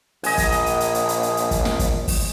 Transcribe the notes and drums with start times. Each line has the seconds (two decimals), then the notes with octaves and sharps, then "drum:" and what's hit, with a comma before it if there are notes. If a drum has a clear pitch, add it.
0.24 A#1 D#5 G#5, drum: open hi-hat
0.38 drum: kick, hi-hat
0.52 drum: hi-hat
0.66 drum: hi-hat
0.80 drum: hi-hat
0.94 drum: hi-hat
1.09 drum: hi-hat
1.23 drum: hi-hat
1.37 drum: hi-hat
1.51 drum: kick, hi-hat
1.65 drum: snare
1.79 drum: kick, hi-hat
2.08 drum: kick, open hi-hat